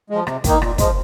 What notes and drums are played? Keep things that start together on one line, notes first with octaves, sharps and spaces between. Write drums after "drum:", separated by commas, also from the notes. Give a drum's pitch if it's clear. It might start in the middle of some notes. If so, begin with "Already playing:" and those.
F3 G#3
C3, drum: rim click
D#3 A#3 D#4, drum: kick, hi-hat
A#2, drum: rim click
F3 G#3, drum: kick, hi-hat